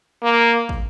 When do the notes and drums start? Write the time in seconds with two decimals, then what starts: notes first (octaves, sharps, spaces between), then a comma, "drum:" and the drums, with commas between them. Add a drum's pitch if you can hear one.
0.23 A#3
0.69 drum: kick